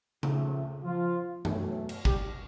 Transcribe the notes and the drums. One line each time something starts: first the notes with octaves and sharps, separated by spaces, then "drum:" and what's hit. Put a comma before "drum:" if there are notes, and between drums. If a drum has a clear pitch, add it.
C#2 C#3 F3 A3, drum: tom C#3
F3 F4
E2 B2 F#3 A3, drum: tom
drum: cymbal
G3 G4, drum: kick G#1